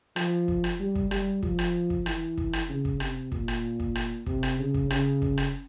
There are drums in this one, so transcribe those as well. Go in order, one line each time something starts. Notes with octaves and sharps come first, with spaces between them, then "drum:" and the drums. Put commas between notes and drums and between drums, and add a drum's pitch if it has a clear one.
F3, drum: rim click
drum: kick
drum: rim click
G3
drum: kick
G3, drum: rim click
F3, drum: kick
drum: rim click
drum: kick
E3, drum: rim click
drum: kick
drum: rim click
C#3
drum: kick
C3, drum: rim click
A#2, drum: kick
drum: rim click
drum: kick
drum: rim click
C3, drum: kick
drum: rim click
C#3
drum: kick
C#3, drum: rim click
drum: kick
drum: rim click